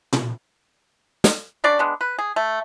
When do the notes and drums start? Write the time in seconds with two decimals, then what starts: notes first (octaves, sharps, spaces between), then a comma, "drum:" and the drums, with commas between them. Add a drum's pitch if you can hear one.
0.13 drum: tom A#2
1.24 drum: snare
1.64 C#3 D4 D5 C#6
1.79 G#3 B3 D4
2.01 B4
2.18 G#4
2.36 A3